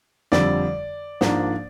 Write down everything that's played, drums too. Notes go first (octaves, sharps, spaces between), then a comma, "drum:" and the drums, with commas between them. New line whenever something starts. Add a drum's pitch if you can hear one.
F2 D3 G3 D5, drum: snare
G#2 F3 A#3 D4, drum: snare